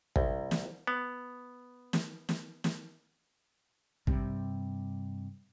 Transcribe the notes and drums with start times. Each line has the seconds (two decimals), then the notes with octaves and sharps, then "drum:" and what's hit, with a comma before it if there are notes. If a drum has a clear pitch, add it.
0.16 C2, drum: kick
0.51 drum: snare
0.87 B3
1.93 drum: snare
2.29 drum: snare
2.64 drum: snare
4.07 G2 C3 G3, drum: kick